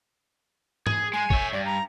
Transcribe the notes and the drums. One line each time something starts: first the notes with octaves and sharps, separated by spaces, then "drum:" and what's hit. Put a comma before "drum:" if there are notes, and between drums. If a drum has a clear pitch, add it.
G#4, drum: tom G#2
G#3 G#5
C#5 E5, drum: kick
G2 D5
A#5